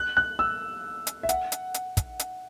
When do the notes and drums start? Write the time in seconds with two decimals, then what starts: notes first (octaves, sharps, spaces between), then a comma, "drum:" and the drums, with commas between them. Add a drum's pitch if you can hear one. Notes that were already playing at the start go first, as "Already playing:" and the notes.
Already playing: F#6
0.17 F#6
0.39 E6
1.07 drum: hi-hat
1.23 E5
1.29 F#5, drum: hi-hat
1.52 drum: hi-hat
1.74 drum: hi-hat
1.97 drum: kick, hi-hat
2.19 drum: hi-hat